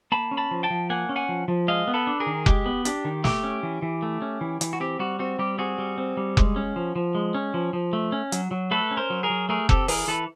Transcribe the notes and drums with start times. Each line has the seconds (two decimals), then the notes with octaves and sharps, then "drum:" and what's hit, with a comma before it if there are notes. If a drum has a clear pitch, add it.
0.12 A#3 A5 B5
0.31 C#4
0.37 A5 B5
0.51 F3
0.63 G5 A5
0.70 F3
0.90 A#3 F#5 G#5
1.09 C#4
1.16 F#5 G#5
1.29 F3
1.48 F3
1.68 G#3 D#5 F5
1.87 B3
1.94 A4 B4
2.07 D4
2.20 G#4 A#4
2.26 D#3
2.46 G#3 G4, drum: kick F1
2.66 B3
2.85 D4 G4, drum: hi-hat
3.05 D#3
3.24 A3 G4, drum: snare
3.43 C#4
3.63 E3
3.82 E3
4.02 A3
4.22 C#4
4.41 E3
4.61 E3, drum: hi-hat
4.73 F#4
4.80 C4 G4
4.99 G3 F#4
5.19 C4 F#4
5.39 G3 G4
5.58 C4 F#4 G#4
5.78 G3
5.98 C4
6.17 G3
6.37 G#3, drum: kick F1
6.56 C#4
6.76 F3
6.96 F3
7.15 G#3
7.34 C#4
7.54 F3
7.73 F3
7.93 A3
8.12 C#4
8.32 F#3, drum: hi-hat
8.51 F#3
8.71 A3 A4 B4
8.91 C#4
8.97 A#4 C5
9.10 F#3
9.23 G#4 A#4
9.30 F#3
9.49 A3 G#4 A#4
9.69 C4 G4 A4, drum: kick F1
9.88 E3 G#4 A#4, drum: open hi-hat
10.07 E3 A4 B4